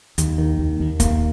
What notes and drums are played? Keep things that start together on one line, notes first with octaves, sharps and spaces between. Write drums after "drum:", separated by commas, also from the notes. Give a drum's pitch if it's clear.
D#2, drum: hi-hat
D#3
D#2
D#2
A#3, drum: kick, hi-hat